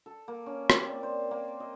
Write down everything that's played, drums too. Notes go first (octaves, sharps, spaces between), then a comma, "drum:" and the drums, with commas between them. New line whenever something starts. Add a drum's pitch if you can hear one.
A4
A#3
C#4
C4, drum: rim click
D5
C5
A#3
D#5